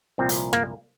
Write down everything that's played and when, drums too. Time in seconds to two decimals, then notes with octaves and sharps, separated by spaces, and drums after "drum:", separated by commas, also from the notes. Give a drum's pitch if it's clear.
0.18 C2 A#2 F3 C4
0.29 drum: hi-hat
0.53 A#3, drum: rim click